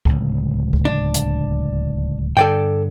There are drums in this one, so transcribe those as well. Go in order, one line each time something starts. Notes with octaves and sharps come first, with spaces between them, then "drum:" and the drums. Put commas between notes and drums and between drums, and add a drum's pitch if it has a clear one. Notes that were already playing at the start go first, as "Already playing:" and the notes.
D1 C#2, drum: kick C#2
drum: kick C#2
D4
drum: hi-hat
G2 D3 A4 D5 G5